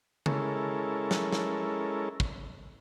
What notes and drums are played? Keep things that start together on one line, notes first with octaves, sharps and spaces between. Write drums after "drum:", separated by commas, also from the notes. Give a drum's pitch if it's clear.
G#3 C#4 E4 A4 A#4, drum: tom C#3
drum: snare
drum: snare
drum: kick